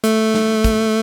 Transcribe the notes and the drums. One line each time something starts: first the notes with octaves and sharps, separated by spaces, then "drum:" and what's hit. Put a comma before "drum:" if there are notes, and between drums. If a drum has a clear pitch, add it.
A3, drum: hi-hat
drum: snare
drum: kick, hi-hat